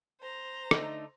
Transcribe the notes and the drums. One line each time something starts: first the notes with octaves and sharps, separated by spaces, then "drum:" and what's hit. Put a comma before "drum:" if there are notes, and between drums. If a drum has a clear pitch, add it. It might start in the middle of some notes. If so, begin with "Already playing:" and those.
C5 A#5
D3 A3 D#4, drum: rim click